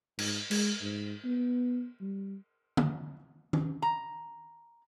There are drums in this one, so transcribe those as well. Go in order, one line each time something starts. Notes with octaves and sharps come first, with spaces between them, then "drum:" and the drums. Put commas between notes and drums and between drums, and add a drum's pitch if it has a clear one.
G#2, drum: cymbal
G#3, drum: cymbal
G#2
B3
G3
drum: tom
drum: tom
A#5